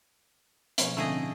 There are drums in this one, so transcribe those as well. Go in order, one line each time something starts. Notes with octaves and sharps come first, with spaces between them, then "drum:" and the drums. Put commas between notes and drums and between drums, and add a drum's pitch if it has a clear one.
B2 F3 A#3 C#4, drum: hi-hat
A2 D3 F3 A3 C4 C#4 G#4 D#5